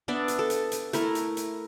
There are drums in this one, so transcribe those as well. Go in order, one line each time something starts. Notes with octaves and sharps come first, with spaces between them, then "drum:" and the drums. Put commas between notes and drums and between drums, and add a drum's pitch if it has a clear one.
B3 D4 D5 E5
drum: hi-hat
A4
drum: hi-hat
drum: hi-hat
A3 E4 A#4, drum: hi-hat
drum: hi-hat
drum: hi-hat